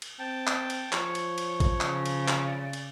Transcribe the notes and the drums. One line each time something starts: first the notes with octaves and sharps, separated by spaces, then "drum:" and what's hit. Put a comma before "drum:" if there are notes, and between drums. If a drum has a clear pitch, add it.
drum: cymbal
C4 G5 A5
drum: clap
drum: cymbal
F3 C#5, drum: clap
drum: cymbal
drum: cymbal
drum: kick A1, cymbal
C#3, drum: clap
drum: cymbal
drum: clap
D5
drum: cymbal